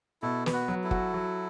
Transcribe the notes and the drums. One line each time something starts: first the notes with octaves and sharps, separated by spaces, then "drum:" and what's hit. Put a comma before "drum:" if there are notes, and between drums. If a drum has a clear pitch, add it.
B2 E4 A4
B3, drum: snare
F#4 B4
F#3
E4 A4
F#4, drum: kick
F#3